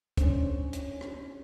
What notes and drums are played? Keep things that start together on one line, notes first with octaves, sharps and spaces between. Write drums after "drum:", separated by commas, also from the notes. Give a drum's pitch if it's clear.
C#4 D4 C5, drum: kick, hi-hat
drum: hi-hat
drum: rim click